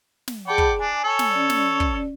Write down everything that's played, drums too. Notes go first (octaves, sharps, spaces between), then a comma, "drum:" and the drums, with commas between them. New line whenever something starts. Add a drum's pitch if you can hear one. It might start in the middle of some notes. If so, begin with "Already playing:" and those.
drum: snare
G#4 D5 F#5 G5 A5 B5
drum: kick
D4 G#5
A4 C#5
drum: snare
C#4 D5
drum: snare
drum: kick